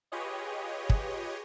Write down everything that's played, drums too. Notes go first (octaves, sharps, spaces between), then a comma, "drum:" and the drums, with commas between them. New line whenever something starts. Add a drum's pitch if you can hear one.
F4 G4 G#4 B4 C#5 D#5
drum: kick